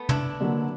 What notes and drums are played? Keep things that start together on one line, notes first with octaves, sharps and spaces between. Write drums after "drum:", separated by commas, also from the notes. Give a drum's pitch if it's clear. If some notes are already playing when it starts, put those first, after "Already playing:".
Already playing: A3 B3
D4 E4, drum: tom
D3 F#3 A#3